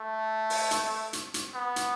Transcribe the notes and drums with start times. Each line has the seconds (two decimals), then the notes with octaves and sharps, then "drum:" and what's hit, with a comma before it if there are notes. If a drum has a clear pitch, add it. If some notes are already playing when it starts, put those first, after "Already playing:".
Already playing: A3
0.50 drum: open hi-hat
0.71 drum: hi-hat
1.13 drum: hi-hat
1.34 drum: hi-hat
1.55 B3
1.76 drum: hi-hat